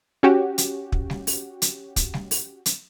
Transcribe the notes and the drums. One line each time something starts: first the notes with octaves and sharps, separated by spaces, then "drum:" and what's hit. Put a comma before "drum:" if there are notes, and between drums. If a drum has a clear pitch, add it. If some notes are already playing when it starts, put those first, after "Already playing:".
C#4 F#4 G4
drum: hi-hat
drum: kick
drum: snare G3
drum: open hi-hat
drum: hi-hat
drum: kick, hi-hat
drum: snare G3
drum: open hi-hat
drum: hi-hat